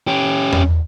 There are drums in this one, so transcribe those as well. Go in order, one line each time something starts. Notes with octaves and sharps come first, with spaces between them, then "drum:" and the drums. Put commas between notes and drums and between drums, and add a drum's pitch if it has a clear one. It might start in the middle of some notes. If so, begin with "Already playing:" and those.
C#4 G4
drum: tom E2